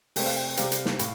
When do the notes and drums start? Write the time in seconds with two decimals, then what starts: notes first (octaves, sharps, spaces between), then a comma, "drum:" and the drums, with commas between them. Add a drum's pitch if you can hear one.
0.16 C3 A3 C4 G5, drum: open hi-hat
0.26 F5
0.36 G5
0.48 G5
0.57 C3 G3 C4 F5, drum: hi-hat
0.72 drum: hi-hat
0.85 drum: snare
0.99 A2, drum: hi-hat